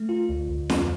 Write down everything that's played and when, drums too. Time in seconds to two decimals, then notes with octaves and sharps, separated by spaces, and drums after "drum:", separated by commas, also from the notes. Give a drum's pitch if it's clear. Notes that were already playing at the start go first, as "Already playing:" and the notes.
Already playing: A3
0.09 F4
0.29 D2
0.49 D2
0.70 F2, drum: snare